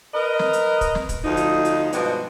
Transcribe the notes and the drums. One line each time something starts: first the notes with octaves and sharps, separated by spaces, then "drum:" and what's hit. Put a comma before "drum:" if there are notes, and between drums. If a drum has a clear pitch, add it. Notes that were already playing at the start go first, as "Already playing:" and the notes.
A#4 B4 D#5
drum: snare
drum: hi-hat
drum: kick, hi-hat
drum: snare
drum: kick, hi-hat
D2 F3 D#4
drum: hi-hat
drum: hi-hat
G2 B2 F3 G#3 B3 D4, drum: hi-hat